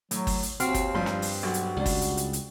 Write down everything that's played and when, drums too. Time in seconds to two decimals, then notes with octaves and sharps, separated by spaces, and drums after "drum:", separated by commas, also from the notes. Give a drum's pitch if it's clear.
0.11 A2 F#3, drum: hi-hat
0.27 drum: kick, open hi-hat
0.43 drum: hi-hat
0.60 D#2 C4 F#4 F6, drum: hi-hat
0.74 drum: kick, hi-hat
0.95 G2 F3 G3 C6
1.06 drum: snare
1.22 drum: open hi-hat
1.43 B1 F#4
1.54 drum: hi-hat
1.77 C#2 G3 D4
1.86 drum: kick, open hi-hat
2.01 drum: hi-hat
2.17 drum: hi-hat
2.33 drum: hi-hat